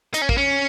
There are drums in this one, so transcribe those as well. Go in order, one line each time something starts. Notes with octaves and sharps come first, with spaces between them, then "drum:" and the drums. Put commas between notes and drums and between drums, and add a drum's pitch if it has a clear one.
D#4, drum: hi-hat
C#4
A#3, drum: kick
C#4